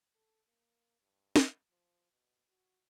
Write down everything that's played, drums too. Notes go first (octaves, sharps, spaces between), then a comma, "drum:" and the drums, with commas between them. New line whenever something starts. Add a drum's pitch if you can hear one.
A4
A#3
G2
drum: snare
F3
B2
F#4